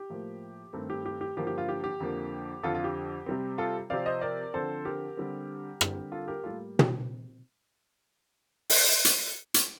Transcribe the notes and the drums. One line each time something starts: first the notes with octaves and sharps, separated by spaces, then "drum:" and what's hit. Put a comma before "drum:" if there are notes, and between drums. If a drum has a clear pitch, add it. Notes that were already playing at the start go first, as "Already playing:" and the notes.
Already playing: G4
A2 F3 A#3
G2 D#3 A3 C4
G4
G4
G4
G2 D3 F3 A#3 G4
G4
F4
G4
G4
F2 D3 F3 A#3
F2 D3 F3 F4 A4
F4
G4
C3 G3 C4
F4 A4
C3 F3 C4 D5 F5
C5 D#5
A#4 D5
D3 F3 C4 A4 C5
G4 A#4
D3 G3 C4
D3 G3 C4, drum: rim click
F4 A4
G4 A#4
A2 G3 A#3 F4 A4
drum: tom
drum: open hi-hat
drum: hi-hat
drum: hi-hat